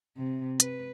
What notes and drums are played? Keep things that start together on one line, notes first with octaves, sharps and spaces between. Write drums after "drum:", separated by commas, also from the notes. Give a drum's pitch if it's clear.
C3
B4, drum: hi-hat